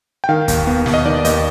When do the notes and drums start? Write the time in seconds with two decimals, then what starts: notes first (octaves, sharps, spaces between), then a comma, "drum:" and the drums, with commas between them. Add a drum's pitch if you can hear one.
0.24 G5
0.29 D#3 F5
0.48 D#2, drum: kick, hi-hat
0.67 B3
0.86 D#2, drum: snare
0.94 D#5
1.05 D#3 D5
1.25 D#2 D#5, drum: hi-hat